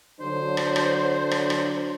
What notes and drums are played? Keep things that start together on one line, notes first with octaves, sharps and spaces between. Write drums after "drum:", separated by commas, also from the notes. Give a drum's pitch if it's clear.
D3 F#3 D4 C5
drum: rim click
drum: rim click
drum: rim click
drum: rim click